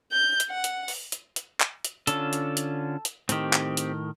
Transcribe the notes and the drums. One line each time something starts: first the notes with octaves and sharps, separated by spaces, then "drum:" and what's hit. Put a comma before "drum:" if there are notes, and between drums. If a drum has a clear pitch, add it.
G6
drum: hi-hat
F#5
drum: hi-hat
drum: open hi-hat
drum: hi-hat
drum: hi-hat
drum: clap
drum: hi-hat
D3 C#4 F4 A4, drum: hi-hat
drum: hi-hat
drum: hi-hat
drum: hi-hat
A2 D#3 C4 G4, drum: hi-hat
drum: clap
drum: hi-hat